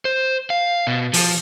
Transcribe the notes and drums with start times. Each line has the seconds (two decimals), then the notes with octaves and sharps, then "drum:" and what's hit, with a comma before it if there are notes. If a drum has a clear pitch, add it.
0.05 C5
0.50 F5
0.87 B2
1.13 F3, drum: open hi-hat